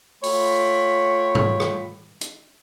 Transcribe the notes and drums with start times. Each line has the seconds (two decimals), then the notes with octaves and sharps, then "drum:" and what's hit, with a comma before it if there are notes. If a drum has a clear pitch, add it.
0.23 A3 F4 C#5 G5 B5, drum: open hi-hat
1.35 drum: tom G#2
1.60 drum: rim click
2.21 drum: hi-hat